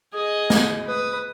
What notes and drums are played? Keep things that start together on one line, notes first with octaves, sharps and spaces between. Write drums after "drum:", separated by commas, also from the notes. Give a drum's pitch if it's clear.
G#4 D#5
drum: snare
B4 D#6